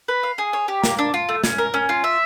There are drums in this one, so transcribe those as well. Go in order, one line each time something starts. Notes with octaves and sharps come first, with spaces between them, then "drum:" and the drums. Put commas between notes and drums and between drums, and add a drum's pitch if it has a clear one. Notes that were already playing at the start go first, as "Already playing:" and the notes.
B4
F5
G#4
C#5
G4
A#3, drum: snare
D4
F4
A3
C#4, drum: snare
A#4
C#4
F4
E5